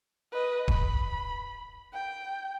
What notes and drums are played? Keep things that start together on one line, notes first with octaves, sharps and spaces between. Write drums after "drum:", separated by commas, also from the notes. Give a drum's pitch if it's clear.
B4 D#5
B5, drum: kick D1
G5